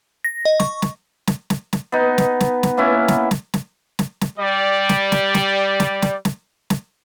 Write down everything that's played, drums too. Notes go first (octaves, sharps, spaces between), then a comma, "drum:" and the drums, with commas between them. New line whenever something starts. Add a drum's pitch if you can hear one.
A#6
D#5
C#6, drum: snare
drum: snare
drum: snare
drum: snare
drum: snare
B3 D#4
drum: snare
drum: snare
drum: snare
A#3 B3 C#4 E4
drum: snare
drum: snare
drum: snare
drum: snare
drum: snare
G3 D5
drum: snare
drum: snare
drum: snare
drum: snare
drum: snare
drum: snare
drum: snare